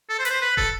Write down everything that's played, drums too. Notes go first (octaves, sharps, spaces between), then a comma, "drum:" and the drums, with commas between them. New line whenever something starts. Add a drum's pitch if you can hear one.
A4
C5
B4, drum: hi-hat
C5
B4
A4, drum: kick